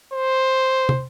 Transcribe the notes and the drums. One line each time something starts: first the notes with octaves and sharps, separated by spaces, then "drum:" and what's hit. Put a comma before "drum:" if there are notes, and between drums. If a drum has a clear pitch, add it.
C5
drum: tom